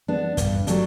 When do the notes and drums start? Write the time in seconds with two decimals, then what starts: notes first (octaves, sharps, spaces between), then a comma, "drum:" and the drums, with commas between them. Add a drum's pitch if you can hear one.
0.08 B3 D4
0.37 G2, drum: kick, hi-hat
0.67 F#3 A3 D4 G4, drum: hi-hat